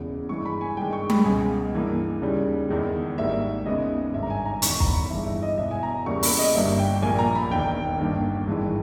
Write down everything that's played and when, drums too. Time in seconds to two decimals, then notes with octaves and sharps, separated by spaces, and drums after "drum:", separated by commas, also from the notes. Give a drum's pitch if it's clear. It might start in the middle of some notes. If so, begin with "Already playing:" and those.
Already playing: E1 E2 C#3
0.29 G2 E3 G#3 C#6
0.46 B5
0.61 G#5
0.77 G2 D#3 G#3 G5
0.93 C#6
1.10 B5, drum: tom G3
1.25 C#2 B2 G#3 B3 G#5
1.74 G2 E3 A#3
2.22 D#2 C#3 G3
2.69 E2 D#3 G#3
3.18 G#1 G#2 G3 A#3 E5
3.66 D#2 C#3 G#3 B3 D#5
4.13 G#1 G2 D#3 E5
4.23 A#5
4.30 G#5
4.46 A#5
4.62 E1 E2 D#3 C#6, drum: hi-hat
4.80 A#5, drum: kick
4.86 B5
5.10 G1 G2 E3 G#3 E5
5.26 E5
5.42 D#5
5.58 E1 E2 B2 E5
5.71 G#5
5.83 A#5
6.06 E2 C#3 G3 A#3 C#6
6.23 B5, drum: open hi-hat
6.39 D#5
6.54 G1 G2 G3 A#3 E5
6.79 G5
7.02 A#1 A#2 A#3 G#5
7.19 A#5
7.35 B5
7.51 E1 D#2 D#3 G5
7.99 G1 G2 D#3 A#3
8.47 G#1 G2 E3 G#3